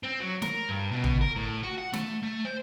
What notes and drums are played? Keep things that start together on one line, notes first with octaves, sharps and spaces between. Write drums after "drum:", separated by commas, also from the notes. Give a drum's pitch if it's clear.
C4
F#3
A#4, drum: snare
G2
B2
drum: tom
A#4
A2
F#4
F#5
A3, drum: snare
A3
C5